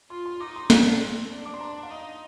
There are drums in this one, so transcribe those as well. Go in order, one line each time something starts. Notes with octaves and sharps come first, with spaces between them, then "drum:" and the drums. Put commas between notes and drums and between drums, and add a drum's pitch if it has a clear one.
F4 C6
C6
D#4 D6
C6
D4 A#5, drum: snare
C4
D4
D6
C6
D4 A#5
F5
D#4 D#5